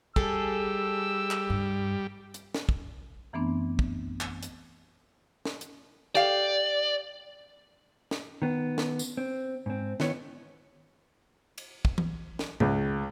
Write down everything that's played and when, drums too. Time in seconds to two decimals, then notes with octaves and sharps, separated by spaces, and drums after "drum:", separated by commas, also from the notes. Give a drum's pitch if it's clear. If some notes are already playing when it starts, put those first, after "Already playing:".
0.16 G3 G#4 A4 E6, drum: kick
1.31 drum: clap
1.50 G2
2.34 drum: hi-hat
2.55 drum: snare
2.69 drum: kick
3.33 F#2 E3 A3 B3 C4 D4
3.79 drum: kick
4.21 drum: clap
4.43 drum: hi-hat
5.45 drum: snare
5.61 drum: hi-hat
6.15 G4 D5 F5
8.11 drum: snare
8.42 D#3 B3
8.78 drum: snare
8.99 drum: tambourine
9.17 C4
9.66 G#2 C4
10.00 D#3 B3 E4 C#5, drum: snare
11.58 drum: cymbal
11.85 drum: kick
11.98 drum: tom E3
12.39 drum: snare
12.60 C#2, drum: tom G#2